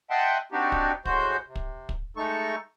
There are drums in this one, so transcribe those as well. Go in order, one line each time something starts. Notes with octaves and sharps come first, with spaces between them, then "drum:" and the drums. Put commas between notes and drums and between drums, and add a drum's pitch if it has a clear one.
D#5 E5 F#5 G5 A5 C6
C4 D4 D#4 F#4 G4
drum: kick
A2 G#3 F#4 C5 G6, drum: kick
C3
drum: kick
drum: kick
G#3 A3 D#4 A4 C#6